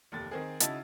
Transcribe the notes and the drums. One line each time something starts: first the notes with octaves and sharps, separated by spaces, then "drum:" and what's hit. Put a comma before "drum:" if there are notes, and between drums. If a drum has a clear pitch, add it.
F1 D#2 A6
D#3 C4 G#4
C#3 D#4 E4 F#4 A5 A6, drum: hi-hat